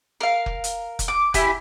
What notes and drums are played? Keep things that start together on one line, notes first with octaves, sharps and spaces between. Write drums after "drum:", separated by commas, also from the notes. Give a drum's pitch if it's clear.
A#4 F5
drum: kick F1
drum: hi-hat
drum: kick F1, hi-hat
D6
E4 G4 G#5, drum: kick F1, hi-hat